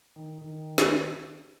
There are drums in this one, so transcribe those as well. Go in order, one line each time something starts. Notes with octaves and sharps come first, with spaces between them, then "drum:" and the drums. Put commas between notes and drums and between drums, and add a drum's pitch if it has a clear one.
D#3
D#3
drum: snare